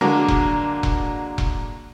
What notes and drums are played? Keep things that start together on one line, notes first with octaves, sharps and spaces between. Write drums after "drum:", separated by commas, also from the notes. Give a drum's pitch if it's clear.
D3 F#3 G#3 A#3 D4
drum: kick E1
drum: kick E1
drum: kick E1